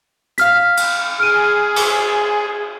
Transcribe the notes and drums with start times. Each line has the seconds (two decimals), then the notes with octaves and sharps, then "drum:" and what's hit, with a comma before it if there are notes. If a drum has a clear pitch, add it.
0.38 F5 F6 B6, drum: hi-hat
0.77 drum: cymbal
1.19 G#4 F6 D7 D#7
1.76 drum: cymbal